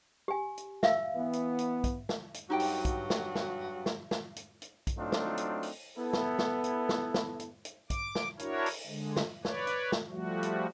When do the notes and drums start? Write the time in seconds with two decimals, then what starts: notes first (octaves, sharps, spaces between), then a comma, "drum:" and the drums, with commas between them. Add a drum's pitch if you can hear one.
0.28 G4 G#5
0.58 drum: hi-hat
0.83 E5 F5 E6, drum: snare
1.15 E3 B3
1.33 drum: hi-hat
1.59 drum: hi-hat
1.84 drum: kick, hi-hat
2.09 drum: snare
2.34 drum: hi-hat
2.50 G2 F#3 D#4 F#4 G4 G5
2.60 drum: open hi-hat
2.85 drum: kick, hi-hat
3.10 drum: snare
3.35 drum: snare
3.86 drum: snare
4.11 drum: snare
4.36 drum: hi-hat
4.62 drum: hi-hat
4.87 drum: kick, hi-hat
4.97 F#3 A3 C4 D4 D#4 F4
5.12 drum: snare
5.38 drum: hi-hat
5.63 drum: open hi-hat
5.97 B3 E4 A4
6.13 drum: snare
6.39 drum: snare
6.64 drum: hi-hat
6.89 drum: snare
7.14 drum: snare
7.40 drum: hi-hat
7.65 drum: hi-hat
7.90 D6, drum: kick, hi-hat
8.15 drum: snare
8.39 D4 E4 F#4 A#4 C#5, drum: hi-hat
8.66 drum: open hi-hat
8.87 D3 G#3
9.16 drum: snare
9.45 B4 C#5 D5, drum: snare
9.67 drum: hi-hat
9.92 drum: snare
10.09 F3 G3 A3 F#4
10.43 drum: hi-hat